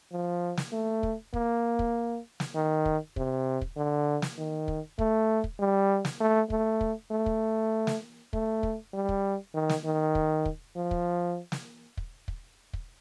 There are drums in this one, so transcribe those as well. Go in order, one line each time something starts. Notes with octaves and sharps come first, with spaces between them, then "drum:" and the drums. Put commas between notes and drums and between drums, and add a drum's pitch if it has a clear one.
F3
drum: snare
A3
drum: kick
A#3, drum: kick
drum: kick
drum: snare
D#3
drum: kick
C3, drum: kick
drum: kick
D3
drum: snare
D#3
drum: kick
A3, drum: kick
drum: kick
G3
drum: snare
A3
A3, drum: kick
drum: kick
A3
drum: kick
drum: snare
A3, drum: kick
drum: kick
G3
drum: kick
D#3
drum: snare
D#3
drum: kick
drum: kick
F3
drum: kick
drum: snare
drum: kick
drum: kick
drum: kick